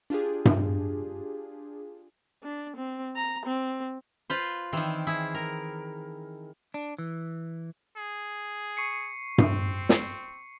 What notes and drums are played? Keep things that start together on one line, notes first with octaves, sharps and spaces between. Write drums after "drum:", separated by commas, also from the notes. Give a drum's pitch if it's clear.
D4 F4 G4 G#4
drum: tom G2
D4
C4
A#5
C4
F4 B4 C5
D#3 E3 C4
E4 G#4
A#4
D4
E3
G#4
C#6 C7 C#7
C4, drum: tom G2
drum: snare